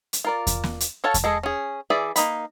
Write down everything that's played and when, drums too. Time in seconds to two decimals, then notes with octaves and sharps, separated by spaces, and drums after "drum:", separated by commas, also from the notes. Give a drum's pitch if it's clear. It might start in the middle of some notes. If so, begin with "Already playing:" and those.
0.13 drum: hi-hat
0.25 F4 A#4 D5
0.47 drum: kick E2, hi-hat
0.64 drum: snare
0.80 drum: hi-hat
1.04 F#4 A4 C#5 F5 A5
1.14 drum: kick E2, hi-hat
1.24 G#3 G#4 A4 D#5
1.43 C#4 G#4
1.90 E3 G#4 D5 E5
2.16 A#3 D#4 B5, drum: hi-hat